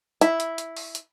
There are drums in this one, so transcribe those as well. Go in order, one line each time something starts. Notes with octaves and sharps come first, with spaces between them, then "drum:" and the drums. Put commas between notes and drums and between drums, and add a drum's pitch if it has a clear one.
E4, drum: hi-hat
drum: hi-hat
drum: hi-hat
drum: open hi-hat
drum: hi-hat